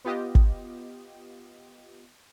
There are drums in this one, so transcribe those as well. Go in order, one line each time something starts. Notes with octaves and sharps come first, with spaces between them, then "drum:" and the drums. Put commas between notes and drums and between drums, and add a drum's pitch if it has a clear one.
B3 F4 G4 D#5
drum: kick